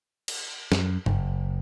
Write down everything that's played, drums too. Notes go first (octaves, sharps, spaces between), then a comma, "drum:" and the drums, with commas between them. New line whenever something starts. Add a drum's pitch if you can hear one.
drum: cymbal
F#2, drum: snare
F#1, drum: tom G2